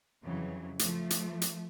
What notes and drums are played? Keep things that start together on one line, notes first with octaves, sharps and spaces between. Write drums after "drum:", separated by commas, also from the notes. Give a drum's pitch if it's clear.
F2 C#3 E3 F#3
F3 A3, drum: hi-hat
drum: hi-hat
drum: hi-hat